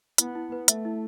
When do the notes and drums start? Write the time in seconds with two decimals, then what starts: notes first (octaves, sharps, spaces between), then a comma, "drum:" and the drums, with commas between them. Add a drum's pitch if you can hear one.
0.18 B3 E4, drum: hi-hat
0.35 E4
0.52 B4
0.68 A3 E5, drum: hi-hat
0.85 E4